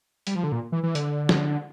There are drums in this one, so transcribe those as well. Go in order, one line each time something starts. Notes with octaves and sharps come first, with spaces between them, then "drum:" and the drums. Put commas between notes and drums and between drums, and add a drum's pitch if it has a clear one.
G3, drum: hi-hat
F3
D3
A#2
E3
E3
D3, drum: hi-hat
drum: snare